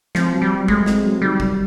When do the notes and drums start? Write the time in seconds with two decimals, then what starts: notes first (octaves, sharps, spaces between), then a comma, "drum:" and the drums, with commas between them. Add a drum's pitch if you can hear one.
0.15 F3 C4, drum: snare
0.33 F#3
0.42 G3
0.50 F#3
0.68 G#3 A3, drum: kick
0.86 C4, drum: snare
1.04 F#3
1.22 D#3 G3
1.40 D#3, drum: kick